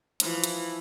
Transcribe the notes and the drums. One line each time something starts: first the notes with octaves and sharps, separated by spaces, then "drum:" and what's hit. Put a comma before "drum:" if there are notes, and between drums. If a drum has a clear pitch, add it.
E3 F3, drum: hi-hat
drum: hi-hat